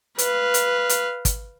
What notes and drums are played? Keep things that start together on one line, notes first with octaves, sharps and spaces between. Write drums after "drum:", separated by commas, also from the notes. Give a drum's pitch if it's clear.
B4 F5, drum: hi-hat
drum: hi-hat
drum: hi-hat
drum: kick, hi-hat